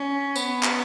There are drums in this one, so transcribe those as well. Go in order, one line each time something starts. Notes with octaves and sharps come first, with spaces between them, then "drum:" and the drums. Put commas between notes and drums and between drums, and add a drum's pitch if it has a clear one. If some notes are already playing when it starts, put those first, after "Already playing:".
Already playing: C#4
B3, drum: tambourine
drum: clap